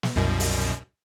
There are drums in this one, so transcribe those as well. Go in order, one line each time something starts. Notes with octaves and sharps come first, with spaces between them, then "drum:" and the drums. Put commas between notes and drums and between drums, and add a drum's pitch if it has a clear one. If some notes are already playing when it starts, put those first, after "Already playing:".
drum: snare
C2 F#2 B2
drum: open hi-hat